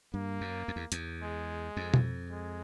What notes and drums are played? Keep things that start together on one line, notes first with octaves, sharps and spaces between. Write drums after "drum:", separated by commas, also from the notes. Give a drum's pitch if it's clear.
G2 A#3
F#2
F2
E2
E2, drum: hi-hat
G#3
F2
drum: tom B2
G#3